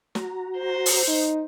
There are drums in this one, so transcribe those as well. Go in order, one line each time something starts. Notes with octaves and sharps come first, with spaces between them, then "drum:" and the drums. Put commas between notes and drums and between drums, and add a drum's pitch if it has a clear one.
F#4 A#5, drum: snare
C5
drum: open hi-hat
D#4